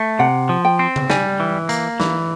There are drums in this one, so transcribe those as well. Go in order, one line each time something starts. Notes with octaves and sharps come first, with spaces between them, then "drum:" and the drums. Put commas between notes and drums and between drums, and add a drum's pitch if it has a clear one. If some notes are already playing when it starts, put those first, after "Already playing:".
Already playing: A3
C3 F#5
F3
G5
C4
drum: tom C#3
G3 G#5, drum: snare
E3
A#3, drum: hi-hat
E3, drum: snare